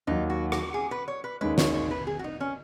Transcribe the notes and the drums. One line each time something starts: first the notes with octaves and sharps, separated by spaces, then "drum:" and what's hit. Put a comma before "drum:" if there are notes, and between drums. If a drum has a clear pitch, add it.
D#2 D#3 F#3 D#4
F#4
F#4, drum: rim click
G#4
B4
C#5
B4
D#2 D#3 G#3 C#4 B4
C#5, drum: snare
C#5
B4
G#4
F#4
D#4
C#4